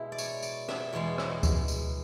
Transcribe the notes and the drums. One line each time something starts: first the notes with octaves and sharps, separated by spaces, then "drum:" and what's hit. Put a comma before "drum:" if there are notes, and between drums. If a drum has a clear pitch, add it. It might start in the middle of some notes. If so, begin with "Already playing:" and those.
Already playing: B2 G#3 E4
D5
C#5, drum: tambourine
D5, drum: tambourine
E5, drum: rim click
E2 B2 G#3 D5
drum: rim click
drum: kick D2, tambourine
drum: tambourine